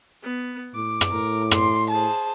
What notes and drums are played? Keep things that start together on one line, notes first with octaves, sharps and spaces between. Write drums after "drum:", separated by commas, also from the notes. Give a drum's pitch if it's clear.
B3
A2 D6
drum: rim click
A2 A#4
C6, drum: rim click
G#4 C5 A5